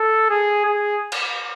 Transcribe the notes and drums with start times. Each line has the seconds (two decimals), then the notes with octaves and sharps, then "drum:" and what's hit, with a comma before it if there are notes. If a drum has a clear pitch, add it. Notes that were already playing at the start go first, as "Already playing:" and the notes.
Already playing: A4
0.30 G#4
0.65 G#4
1.12 drum: cymbal